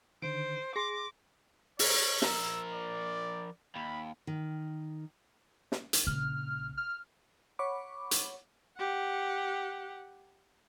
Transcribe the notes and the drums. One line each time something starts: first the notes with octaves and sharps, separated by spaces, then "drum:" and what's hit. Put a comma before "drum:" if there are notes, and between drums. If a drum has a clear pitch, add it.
D3 D#3 C5 D7
G#4 C6 D6 A#6
C#5, drum: open hi-hat
F3 A#4 E6, drum: snare
D5
D#2 B5
D#3
drum: snare
drum: hi-hat
A#1 C#3 F6
F6
C#5 F#5 B5 C#6 D6
drum: hi-hat
G4 F#5